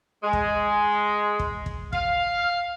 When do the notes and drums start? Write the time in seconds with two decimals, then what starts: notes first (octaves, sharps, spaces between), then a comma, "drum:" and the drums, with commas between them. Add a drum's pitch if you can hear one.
0.23 G#3
0.33 drum: kick
1.39 drum: kick
1.66 drum: kick
1.93 F5, drum: kick